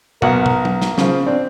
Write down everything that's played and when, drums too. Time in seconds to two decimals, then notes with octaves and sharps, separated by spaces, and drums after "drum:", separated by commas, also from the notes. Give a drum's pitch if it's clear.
0.22 B1 A#4 F#5, drum: tom
0.46 drum: tom
0.65 drum: tom
0.82 drum: snare
0.98 C#3 F3, drum: snare
1.27 C4 D4